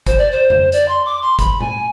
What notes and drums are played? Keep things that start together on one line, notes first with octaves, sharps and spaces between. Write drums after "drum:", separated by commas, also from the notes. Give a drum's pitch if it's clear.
C5, drum: kick, hi-hat
D5
C5
drum: tom F2
D5, drum: hi-hat
C6
D6
C6
B5, drum: kick, hi-hat
G#5, drum: tom A#2